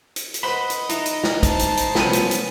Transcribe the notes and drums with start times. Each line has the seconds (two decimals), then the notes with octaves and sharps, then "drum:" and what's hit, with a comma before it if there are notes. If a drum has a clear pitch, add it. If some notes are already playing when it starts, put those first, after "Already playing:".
0.16 drum: hi-hat
0.34 drum: hi-hat
0.43 B4 C5 D#5 F#5 B5
0.70 drum: hi-hat
0.89 E3 D#4, drum: hi-hat
1.06 drum: hi-hat
1.24 drum: snare
1.43 C5 A5, drum: kick, hi-hat
1.59 drum: hi-hat
1.77 drum: hi-hat
1.95 C2 F3 B3 C#4 B4 D#6, drum: snare
2.13 drum: hi-hat
2.31 drum: hi-hat